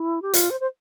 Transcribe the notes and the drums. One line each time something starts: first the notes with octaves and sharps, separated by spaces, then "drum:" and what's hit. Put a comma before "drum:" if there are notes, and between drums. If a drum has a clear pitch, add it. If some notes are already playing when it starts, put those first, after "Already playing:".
Already playing: E4
G4
F4, drum: hi-hat
C5
C5